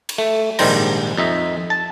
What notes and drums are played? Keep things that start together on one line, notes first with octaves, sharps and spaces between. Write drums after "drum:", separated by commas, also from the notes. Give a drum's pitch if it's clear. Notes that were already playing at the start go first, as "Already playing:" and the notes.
drum: cymbal
A3
A#1 G#2 D#3 G3 C5 A#5, drum: cymbal
F2 D#4 E5
A5